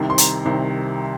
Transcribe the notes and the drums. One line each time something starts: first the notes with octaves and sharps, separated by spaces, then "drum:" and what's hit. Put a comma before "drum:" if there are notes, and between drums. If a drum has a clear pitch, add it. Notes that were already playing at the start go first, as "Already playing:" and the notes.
Already playing: C2 C3 D#3
C6
A#5, drum: hi-hat
C2 C3 D#3